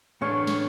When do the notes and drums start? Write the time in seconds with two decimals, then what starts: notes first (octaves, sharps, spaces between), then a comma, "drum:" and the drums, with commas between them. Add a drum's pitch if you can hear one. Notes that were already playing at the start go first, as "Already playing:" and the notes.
0.21 A2 E3 A3 C#4 D4 C#5
0.47 drum: snare